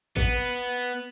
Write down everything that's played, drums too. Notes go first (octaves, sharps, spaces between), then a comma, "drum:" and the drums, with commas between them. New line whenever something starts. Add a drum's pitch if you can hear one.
B3, drum: kick